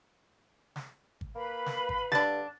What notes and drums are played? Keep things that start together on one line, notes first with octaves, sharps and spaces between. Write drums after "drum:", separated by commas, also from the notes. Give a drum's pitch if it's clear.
drum: snare
drum: kick
A#3 B4 F5 B5
drum: snare
drum: kick
G2 D3 D4 A6, drum: snare